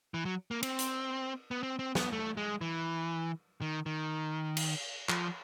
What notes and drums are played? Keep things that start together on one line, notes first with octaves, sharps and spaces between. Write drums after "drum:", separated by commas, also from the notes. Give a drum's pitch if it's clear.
E3
F#3
A#3
C4, drum: cymbal
drum: hi-hat
B3
C4
C4
B3, drum: snare
A3
G#3
E3
D#3
D#3
drum: cymbal
F3, drum: clap